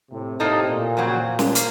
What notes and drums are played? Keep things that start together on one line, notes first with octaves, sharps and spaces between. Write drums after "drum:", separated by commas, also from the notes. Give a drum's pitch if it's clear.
A2 C3
A2 C3 A#3 D#4 A4 D#5
A#2
F2 C#3 F#3 C4
drum: snare
A#3, drum: hi-hat